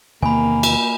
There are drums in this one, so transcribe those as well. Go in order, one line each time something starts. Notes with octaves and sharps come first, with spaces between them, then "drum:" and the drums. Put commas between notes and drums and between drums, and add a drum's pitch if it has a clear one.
E2 C3 D#3 A#3 G#5 B5
drum: cymbal